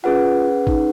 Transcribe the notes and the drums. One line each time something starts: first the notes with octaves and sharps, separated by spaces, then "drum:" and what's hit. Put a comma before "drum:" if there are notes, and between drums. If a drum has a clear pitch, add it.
C#4 F4 G#4 B4 F#5
D#4, drum: kick